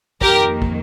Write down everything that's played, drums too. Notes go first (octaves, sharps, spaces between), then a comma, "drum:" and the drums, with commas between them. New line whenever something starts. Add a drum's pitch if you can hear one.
F2 D#3 A#3 G4 A#4, drum: kick
drum: kick